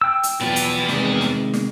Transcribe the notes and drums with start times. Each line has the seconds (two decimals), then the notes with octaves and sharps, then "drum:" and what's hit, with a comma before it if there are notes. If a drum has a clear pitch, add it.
0.01 G5 E6
0.23 drum: hi-hat
0.41 E2 B2 F3 F#3 G4 B4 D5
0.56 drum: hi-hat
0.88 C3 D#3 G#3, drum: snare
1.21 drum: snare
1.54 drum: snare